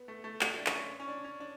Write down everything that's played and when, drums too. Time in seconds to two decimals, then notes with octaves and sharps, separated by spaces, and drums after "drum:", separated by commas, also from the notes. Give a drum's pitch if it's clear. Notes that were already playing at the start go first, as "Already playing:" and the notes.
Already playing: B3
0.08 A3
0.24 A3
0.41 A3, drum: clap
0.58 D4
0.66 C#4, drum: clap
1.00 C#4
1.08 D4
1.24 C#4
1.40 D4